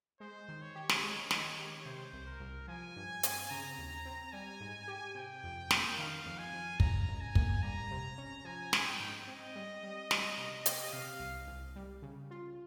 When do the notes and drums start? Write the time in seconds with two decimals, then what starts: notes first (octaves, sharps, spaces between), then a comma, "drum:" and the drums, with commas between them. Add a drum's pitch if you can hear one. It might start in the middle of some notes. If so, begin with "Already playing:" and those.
0.20 G#3 C5
0.48 D#3
0.62 C#5
0.75 G4
0.89 drum: snare
1.03 G#3
1.31 D#3, drum: snare
1.58 G4
1.85 C3 C5
2.13 C2
2.27 A#4
2.40 C2
2.68 F3 G#5
2.96 G2
3.23 C4, drum: hi-hat
3.50 C#3 A#5
3.78 D#2
4.05 C4
4.32 G3 G#5
4.60 G#2
4.88 G4
5.15 C3 G5
5.44 F2
5.71 A#3, drum: snare
5.97 D#3 F5
6.26 F2
6.39 G#5
6.53 F2
6.80 C#3 A#5, drum: kick
7.08 C#2
7.21 G#5
7.35 A#3, drum: kick
7.62 G3 A#5
7.91 C3
8.18 C#4
8.45 F3 G#5
8.73 G#2, drum: snare
8.86 G5
9.00 G#2
9.27 C4 D#5
9.56 G3
9.83 G3
10.11 G3, drum: snare
10.38 C3
10.66 G4, drum: hi-hat
10.93 C3 F5
11.20 C2
11.47 C2
11.76 G3
12.02 C#3
12.31 F4